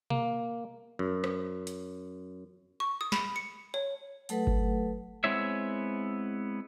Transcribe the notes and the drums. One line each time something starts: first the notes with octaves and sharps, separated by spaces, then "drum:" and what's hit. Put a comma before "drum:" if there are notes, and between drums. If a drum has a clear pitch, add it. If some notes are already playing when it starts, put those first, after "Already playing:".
A#3, drum: tom B2
F#2
drum: rim click
drum: hi-hat
C#6
D#6
B5, drum: snare
C#7
C#5
F#3 A3 A4 B4 F#5, drum: hi-hat
drum: kick G1
G#3 B3 C4 E4 C#5 E5